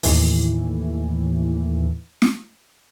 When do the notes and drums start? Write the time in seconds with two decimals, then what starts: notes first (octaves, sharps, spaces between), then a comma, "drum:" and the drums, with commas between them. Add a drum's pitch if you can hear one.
0.03 D#2 A2 E3, drum: open hi-hat
2.22 drum: snare